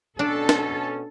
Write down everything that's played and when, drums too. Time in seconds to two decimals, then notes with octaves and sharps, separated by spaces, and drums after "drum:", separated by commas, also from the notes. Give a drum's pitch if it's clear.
0.19 B2 C#4 D4 A4
0.49 drum: snare